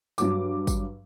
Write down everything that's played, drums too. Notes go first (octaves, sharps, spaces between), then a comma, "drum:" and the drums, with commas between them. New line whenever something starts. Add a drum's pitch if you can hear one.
G2 F#3 D6, drum: tambourine
drum: kick G#1, tambourine